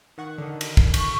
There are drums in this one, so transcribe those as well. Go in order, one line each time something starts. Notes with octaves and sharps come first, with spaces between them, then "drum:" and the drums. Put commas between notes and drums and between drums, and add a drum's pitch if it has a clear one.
D#3 F#5 C#6
D3 D#3
drum: cymbal
drum: kick
C#6, drum: cymbal